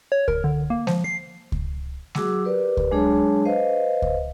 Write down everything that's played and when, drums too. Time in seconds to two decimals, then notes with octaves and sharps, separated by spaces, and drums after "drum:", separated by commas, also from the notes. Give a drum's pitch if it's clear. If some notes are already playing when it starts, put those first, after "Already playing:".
0.12 C#5
0.28 A#4, drum: kick C#2
0.44 D3
0.70 A#3
0.87 F3, drum: snare G#3
1.04 C7
1.52 drum: kick C#2
2.15 F#3 F#4 G#4 F#5 D6 E6, drum: snare G#3
2.44 G4 A#4 B4 D5
2.77 drum: kick C#2
2.91 F#3 G#3 D4 G#4 C#5 A5
3.45 B4 C5 D#5 F5
4.02 drum: kick C#2